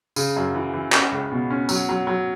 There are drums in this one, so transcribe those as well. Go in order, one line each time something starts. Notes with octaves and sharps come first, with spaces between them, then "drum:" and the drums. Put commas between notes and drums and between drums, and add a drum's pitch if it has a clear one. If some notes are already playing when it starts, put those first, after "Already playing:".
C#3, drum: tambourine
F#2
E3
E3
C#4, drum: clap
C#2
B2
C#4
F#3, drum: tambourine
F#3
F#3